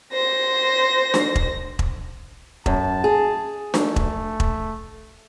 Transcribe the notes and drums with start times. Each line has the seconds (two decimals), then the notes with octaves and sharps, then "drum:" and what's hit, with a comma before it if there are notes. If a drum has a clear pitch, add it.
0.12 C5 A#6
1.14 drum: snare D4
1.35 drum: kick E1
1.79 drum: kick E1
2.66 F#2 A5, drum: kick E1
3.04 G#4
3.74 A3, drum: snare D4
3.96 drum: kick E1
4.40 drum: kick E1